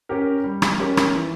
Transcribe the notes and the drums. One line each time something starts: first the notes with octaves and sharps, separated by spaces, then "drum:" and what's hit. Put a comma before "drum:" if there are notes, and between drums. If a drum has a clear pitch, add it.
C#4 G4 A#4
G3
drum: rim click
C#4 G4 A#4
drum: rim click
E3